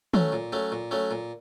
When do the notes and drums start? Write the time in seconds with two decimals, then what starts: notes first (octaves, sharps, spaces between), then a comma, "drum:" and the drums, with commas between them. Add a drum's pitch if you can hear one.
0.14 F#3 A3 C#4, drum: tom
0.32 A#2
0.52 F#3 A3 C#4
0.72 A#2
0.91 F#3 A3 C#4
1.11 A#2